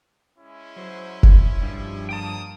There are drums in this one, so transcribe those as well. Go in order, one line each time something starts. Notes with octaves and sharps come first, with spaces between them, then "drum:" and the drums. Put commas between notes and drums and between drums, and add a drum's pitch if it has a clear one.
G#3 C#4 E4
F#3 C5
drum: kick F1
G2 F3 G3
A#3 G5 A5 D#6